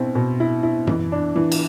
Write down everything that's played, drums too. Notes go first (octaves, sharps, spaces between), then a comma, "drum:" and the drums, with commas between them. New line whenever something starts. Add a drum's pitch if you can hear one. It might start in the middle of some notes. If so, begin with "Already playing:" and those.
Already playing: B2 C4 E4
B2
E4
E4
E3, drum: tom F#2
D4
E3
drum: cymbal